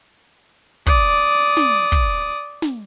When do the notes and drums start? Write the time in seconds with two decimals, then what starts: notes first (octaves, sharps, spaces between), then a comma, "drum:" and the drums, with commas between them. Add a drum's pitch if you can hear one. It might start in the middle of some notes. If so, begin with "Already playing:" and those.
0.86 D5 D#6, drum: kick
1.57 drum: snare
1.92 drum: kick
2.62 drum: snare